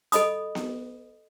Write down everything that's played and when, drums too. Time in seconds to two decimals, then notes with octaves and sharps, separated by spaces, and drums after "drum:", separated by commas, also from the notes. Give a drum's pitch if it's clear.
0.12 A4 D#5 B5 D#6, drum: hi-hat
0.55 drum: snare B3